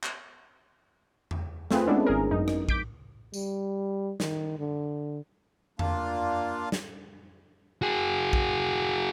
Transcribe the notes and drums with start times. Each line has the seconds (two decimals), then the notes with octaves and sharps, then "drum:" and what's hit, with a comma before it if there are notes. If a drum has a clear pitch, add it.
0.04 drum: clap
1.31 drum: tom E2
1.71 A3 C4 F4 G#4 B4, drum: snare
1.87 G#3 A3 B3 C#4 D4 E4
2.06 G#1 G#4 A#4
2.31 F#2 D#4
2.48 drum: rim click
2.69 D6 G6 B6 D7, drum: kick A#1
3.34 G3, drum: tambourine
4.20 D#3, drum: snare
4.59 D3
5.79 A#3 D4 F4 F5, drum: tom E2
6.72 drum: snare
7.82 F#4 G#4
8.33 drum: kick A#1